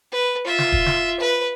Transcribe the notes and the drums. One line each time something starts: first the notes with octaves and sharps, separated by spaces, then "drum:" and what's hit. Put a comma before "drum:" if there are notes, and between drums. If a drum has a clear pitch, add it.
B4
F4 E5
drum: snare
drum: kick
drum: snare
B4